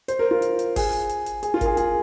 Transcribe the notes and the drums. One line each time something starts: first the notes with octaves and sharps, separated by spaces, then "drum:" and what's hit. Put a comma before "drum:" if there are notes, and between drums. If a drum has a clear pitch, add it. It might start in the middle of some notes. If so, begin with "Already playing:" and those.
C5, drum: hi-hat
A#4
F4
drum: hi-hat
drum: hi-hat
G#4, drum: kick G1, open hi-hat
drum: hi-hat
drum: hi-hat
drum: hi-hat
G#4, drum: hi-hat
F4
A#4, drum: kick G1, hi-hat
G#4
G#4, drum: hi-hat